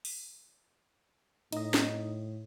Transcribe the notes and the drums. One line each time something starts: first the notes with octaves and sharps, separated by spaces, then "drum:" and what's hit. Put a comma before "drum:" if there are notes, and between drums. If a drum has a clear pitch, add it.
drum: open hi-hat
A2 D#4 D#5, drum: cymbal
drum: snare